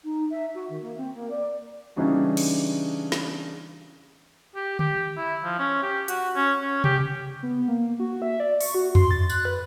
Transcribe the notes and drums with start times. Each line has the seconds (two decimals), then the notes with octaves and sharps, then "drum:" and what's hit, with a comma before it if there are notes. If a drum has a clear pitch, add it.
0.04 D#4
0.30 E5
0.54 F#4
0.69 D#3
0.81 A#3
0.97 C4
1.14 A#3
1.30 D5
1.96 C#3 E3 G3 D4 D#4 F#4
2.37 drum: cymbal
3.12 drum: snare
4.55 G4
4.79 G4, drum: tom D3
5.17 E4
5.44 F3
5.59 C#4
5.83 G4
6.08 F#4, drum: hi-hat
6.35 C#4
6.60 C#4
6.84 G4, drum: tom C3
7.43 B3
7.68 A#3
8.00 F#4
8.22 E5
8.40 D5
8.61 C#6, drum: open hi-hat
8.75 F#4
8.95 C6, drum: tom F2
9.11 A6
9.30 F#6, drum: tambourine
9.45 B4